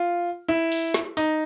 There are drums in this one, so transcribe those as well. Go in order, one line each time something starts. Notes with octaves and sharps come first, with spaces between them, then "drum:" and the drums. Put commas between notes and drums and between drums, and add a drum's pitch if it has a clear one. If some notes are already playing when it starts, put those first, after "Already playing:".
Already playing: F4
E4
drum: open hi-hat
drum: snare
D#4, drum: hi-hat